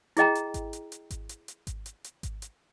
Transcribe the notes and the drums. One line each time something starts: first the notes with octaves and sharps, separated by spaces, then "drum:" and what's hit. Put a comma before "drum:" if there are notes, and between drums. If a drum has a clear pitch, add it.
E4 G#4 D#5 G5 A#5, drum: hi-hat
drum: hi-hat
drum: kick G#1, hi-hat
drum: hi-hat
drum: hi-hat
drum: kick G#1, hi-hat
drum: hi-hat
drum: hi-hat
drum: kick G#1, hi-hat
drum: hi-hat
drum: hi-hat
drum: kick G#1, hi-hat
drum: hi-hat